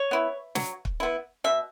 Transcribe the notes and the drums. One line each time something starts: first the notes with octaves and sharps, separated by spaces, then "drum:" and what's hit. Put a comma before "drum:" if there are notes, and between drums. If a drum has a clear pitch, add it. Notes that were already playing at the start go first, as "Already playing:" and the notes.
Already playing: C#5
B3 E4
F#3, drum: snare
drum: kick
B3 E4
B2 E5